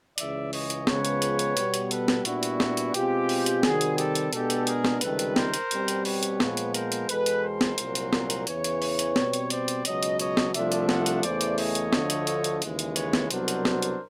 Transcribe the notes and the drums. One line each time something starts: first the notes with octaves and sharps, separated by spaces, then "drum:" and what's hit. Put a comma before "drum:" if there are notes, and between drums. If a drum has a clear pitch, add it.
C#2 C#3 E3 D5 E5, drum: hi-hat
C#5 D#5, drum: open hi-hat
drum: hi-hat
C#2 C#3 F3 G#3 B3 B4 C#5, drum: snare
drum: hi-hat
drum: hi-hat
drum: hi-hat
B2 G3 B3, drum: hi-hat
drum: hi-hat
A4 B4, drum: hi-hat
drum: snare
A#2 G3 B3 D4 E4 F#4, drum: hi-hat
drum: hi-hat
drum: snare
drum: hi-hat
B2 G#3 C4 F4 G4, drum: hi-hat
drum: open hi-hat
drum: hi-hat
C3 D#3 G3 C4 F#4 G#4, drum: snare
drum: hi-hat
G4 A4, drum: hi-hat
drum: hi-hat
B2 G#3 B3 D4 G4 A4, drum: hi-hat
drum: hi-hat
G#4 A#4, drum: hi-hat
drum: snare
C#2 C3 D#3 G3 A4 B4, drum: hi-hat
drum: hi-hat
A#4 C5, drum: snare
drum: hi-hat
B2 G3 C4, drum: hi-hat
drum: hi-hat
B4 C#5, drum: open hi-hat
drum: hi-hat
A#2 F3 G#3 B3, drum: snare
drum: hi-hat
A#4 C5, drum: hi-hat
drum: hi-hat
E2 B2 G#3 A4 B4, drum: hi-hat
drum: hi-hat
A#4 C5
drum: snare
C2 A#2 F#3, drum: hi-hat
drum: hi-hat
drum: snare
drum: hi-hat
E2 C#3 E3 B4 C#5, drum: hi-hat
drum: hi-hat
drum: open hi-hat
drum: hi-hat
B2 G3 C4, drum: snare
drum: hi-hat
C5 D5, drum: hi-hat
drum: hi-hat
C#2 B2 F#3 C#5 D#5, drum: hi-hat
drum: hi-hat
C#5 D#5, drum: hi-hat
drum: snare
C2 C3 F3 A3 D4 D5 E5, drum: hi-hat
drum: hi-hat
E5 F#5, drum: snare
drum: hi-hat
E2 C#3 E3 A3 C5 D5, drum: hi-hat
drum: hi-hat
C#5 D#5, drum: open hi-hat
drum: hi-hat
D2 D3 F3 A3, drum: snare
drum: hi-hat
drum: hi-hat
drum: hi-hat
D#2 C#3 E3 G#3, drum: hi-hat
drum: hi-hat
B4 C#5, drum: hi-hat
drum: snare
C2 B2 F#3 B3 D4 A#4 C5, drum: hi-hat
drum: hi-hat
drum: snare
drum: hi-hat